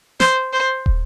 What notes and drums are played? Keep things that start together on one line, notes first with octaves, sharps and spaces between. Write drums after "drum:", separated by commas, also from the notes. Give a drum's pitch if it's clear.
C5, drum: snare
C5
drum: kick